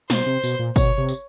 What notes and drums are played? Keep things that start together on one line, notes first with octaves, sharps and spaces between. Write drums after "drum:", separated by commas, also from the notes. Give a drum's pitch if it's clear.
B2 C5, drum: snare
C3
B2, drum: tambourine
A#2
B2 C#5, drum: kick G1, tambourine
C3
drum: tambourine